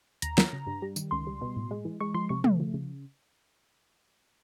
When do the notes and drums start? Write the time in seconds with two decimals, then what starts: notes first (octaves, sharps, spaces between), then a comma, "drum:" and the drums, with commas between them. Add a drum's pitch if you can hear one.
0.22 D#2 A#5, drum: hi-hat
0.38 F#3, drum: snare
0.53 C#3
0.67 G2
0.82 G3
0.96 D#3, drum: tambourine
1.11 C#2 C6
1.27 G3
1.41 B2
1.56 A2
1.71 G#3
1.85 E3
2.00 G#3 C#6
2.14 F3 C6
2.29 C3 C#6
2.44 A3, drum: tom
2.60 F3
2.74 C#3